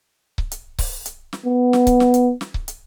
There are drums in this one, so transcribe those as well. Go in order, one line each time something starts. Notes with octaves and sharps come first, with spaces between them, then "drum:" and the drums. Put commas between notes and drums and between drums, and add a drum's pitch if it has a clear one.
drum: kick C#1
drum: hi-hat
drum: kick C#1, open hi-hat
drum: hi-hat
drum: snare
B3
drum: snare
drum: kick C#1, hi-hat
drum: snare
drum: hi-hat
drum: snare
drum: kick C#1
drum: hi-hat